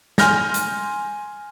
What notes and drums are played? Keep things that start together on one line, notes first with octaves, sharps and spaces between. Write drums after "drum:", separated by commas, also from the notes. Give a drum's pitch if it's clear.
G#5 C6 F6 G6 A#6, drum: snare
drum: hi-hat